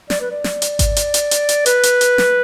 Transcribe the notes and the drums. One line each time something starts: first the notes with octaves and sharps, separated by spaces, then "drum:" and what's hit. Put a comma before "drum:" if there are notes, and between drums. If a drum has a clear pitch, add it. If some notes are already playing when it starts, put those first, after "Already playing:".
D5, drum: snare
B4
D5
drum: snare
drum: hi-hat
drum: kick G#1, hi-hat
drum: hi-hat
drum: hi-hat
drum: hi-hat
drum: hi-hat
B4, drum: hi-hat
drum: hi-hat
drum: hi-hat
drum: snare